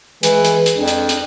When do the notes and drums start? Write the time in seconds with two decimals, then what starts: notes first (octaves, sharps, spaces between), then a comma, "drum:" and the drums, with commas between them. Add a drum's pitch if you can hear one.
0.23 E3 G#3, drum: hi-hat
0.45 drum: hi-hat
0.66 drum: hi-hat
0.77 F2 D4
0.88 drum: hi-hat
1.09 drum: hi-hat